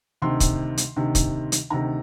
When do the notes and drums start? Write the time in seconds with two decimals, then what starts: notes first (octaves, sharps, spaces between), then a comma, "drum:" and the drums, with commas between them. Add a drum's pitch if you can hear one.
0.22 D2 C3 D#3 C6
0.40 drum: kick, hi-hat
0.78 drum: hi-hat
0.96 D2 C3 D#3
1.15 drum: kick, hi-hat
1.52 drum: hi-hat
1.70 D2 C3 D#3 A#5